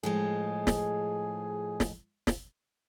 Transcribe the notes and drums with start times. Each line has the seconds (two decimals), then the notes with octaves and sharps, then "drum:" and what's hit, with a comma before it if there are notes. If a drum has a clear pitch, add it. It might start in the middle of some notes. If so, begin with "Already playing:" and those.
0.03 A2 F3 G#3 G#4
0.67 drum: snare
1.80 drum: snare
2.27 drum: snare